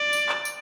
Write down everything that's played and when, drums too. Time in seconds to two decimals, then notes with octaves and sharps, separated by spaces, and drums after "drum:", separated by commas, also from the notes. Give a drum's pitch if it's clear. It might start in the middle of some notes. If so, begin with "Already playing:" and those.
Already playing: D5
0.13 drum: tambourine
0.29 drum: clap
0.45 drum: tambourine